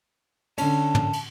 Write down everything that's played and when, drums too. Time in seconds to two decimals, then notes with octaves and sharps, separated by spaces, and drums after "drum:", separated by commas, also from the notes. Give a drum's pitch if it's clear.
0.58 D3 C#4 A5, drum: cymbal
0.95 drum: tom
1.13 drum: cymbal